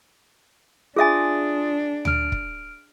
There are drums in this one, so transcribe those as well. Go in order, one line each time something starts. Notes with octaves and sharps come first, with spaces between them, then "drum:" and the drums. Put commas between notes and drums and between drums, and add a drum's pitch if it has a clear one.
D4 F4 G#4 E5 G#5 D#6 A6
F6 D7, drum: tom D2
drum: kick